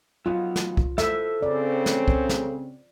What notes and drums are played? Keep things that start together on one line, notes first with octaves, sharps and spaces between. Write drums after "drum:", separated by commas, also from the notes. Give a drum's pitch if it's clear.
F#3 B3 D#4 F4
drum: snare
drum: kick C2
A4 C5 E5, drum: snare
C#3 C4 D5
drum: snare
drum: kick C2
drum: snare